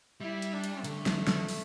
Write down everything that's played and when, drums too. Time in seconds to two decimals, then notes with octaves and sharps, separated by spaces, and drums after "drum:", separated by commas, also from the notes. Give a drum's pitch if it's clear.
0.21 G3 E4
0.42 drum: hi-hat
0.53 D4
0.64 drum: hi-hat
0.84 D3 A3, drum: hi-hat
1.06 drum: snare
1.27 drum: snare
1.49 drum: open hi-hat